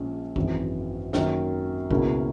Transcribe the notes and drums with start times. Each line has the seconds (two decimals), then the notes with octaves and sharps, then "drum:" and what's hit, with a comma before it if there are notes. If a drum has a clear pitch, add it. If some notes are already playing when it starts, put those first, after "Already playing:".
Already playing: A#1 A#2 G#3 C#4
0.36 G#1 F#2 E3, drum: kick
1.13 F#2 D#3 A#3 C#4, drum: snare
1.91 C#2 B2 A#3 C#4 E4, drum: kick